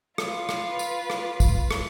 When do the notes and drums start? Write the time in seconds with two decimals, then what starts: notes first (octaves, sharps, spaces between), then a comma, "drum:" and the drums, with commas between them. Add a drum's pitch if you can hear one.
0.18 F4 B4, drum: rim click
0.49 drum: rim click
0.79 drum: tambourine
1.10 drum: rim click
1.40 drum: kick, tambourine
1.71 drum: rim click